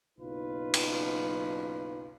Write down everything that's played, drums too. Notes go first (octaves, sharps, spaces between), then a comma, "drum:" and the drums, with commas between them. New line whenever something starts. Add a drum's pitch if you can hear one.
F#1 B1 D#4 F4 B4
drum: cymbal